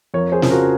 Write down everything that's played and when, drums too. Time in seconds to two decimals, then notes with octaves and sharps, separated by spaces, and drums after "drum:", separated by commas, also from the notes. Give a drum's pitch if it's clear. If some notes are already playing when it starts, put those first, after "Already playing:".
0.14 F2 A#4 C#5
0.32 G#4 C5
0.42 C#3 F3, drum: snare
0.50 F#4 A#4